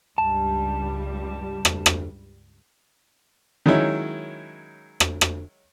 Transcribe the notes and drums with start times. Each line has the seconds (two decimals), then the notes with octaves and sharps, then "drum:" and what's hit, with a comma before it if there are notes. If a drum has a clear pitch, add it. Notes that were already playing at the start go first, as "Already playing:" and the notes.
0.18 C#2 G2 G3 A5
1.65 drum: rim click
1.86 drum: rim click
3.66 D#3 F#3 G#3 C#4 D#4 E4
5.00 drum: rim click
5.21 drum: rim click